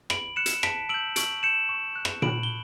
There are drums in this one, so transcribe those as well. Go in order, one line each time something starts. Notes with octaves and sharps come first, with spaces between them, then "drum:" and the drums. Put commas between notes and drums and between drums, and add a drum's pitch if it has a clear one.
B5 D7 F#7, drum: rim click
F#6 C#7 E7
drum: hi-hat
A5 B6 D7, drum: rim click
E6 G6 D7 F#7
C#6 D7 F#7, drum: hi-hat
G6 C#7 E7
C#6
F#6
drum: rim click
B5 D7 F#7, drum: tom A#2
G7